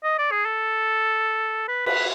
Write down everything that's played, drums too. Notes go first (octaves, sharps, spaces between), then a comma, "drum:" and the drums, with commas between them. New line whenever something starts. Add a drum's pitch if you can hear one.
D#5
D5
G#4
A4
B4
B4, drum: cymbal